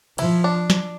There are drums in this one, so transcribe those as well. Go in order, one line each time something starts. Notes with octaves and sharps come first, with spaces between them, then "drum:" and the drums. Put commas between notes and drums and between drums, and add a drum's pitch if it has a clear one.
F3 E4, drum: cymbal
D4
drum: snare